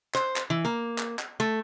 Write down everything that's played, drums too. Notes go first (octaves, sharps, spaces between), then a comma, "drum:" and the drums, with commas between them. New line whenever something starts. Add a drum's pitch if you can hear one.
C5, drum: clap
drum: clap
E3
A#3
drum: clap
drum: clap
A3